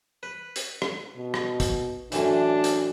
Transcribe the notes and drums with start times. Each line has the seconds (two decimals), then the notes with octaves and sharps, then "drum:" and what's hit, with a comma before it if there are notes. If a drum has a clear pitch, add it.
0.23 B4
0.56 drum: hi-hat
0.82 drum: rim click
1.17 B2
1.34 drum: rim click
1.60 drum: kick, hi-hat
2.12 F#2 A2 E3 D4, drum: hi-hat
2.64 drum: hi-hat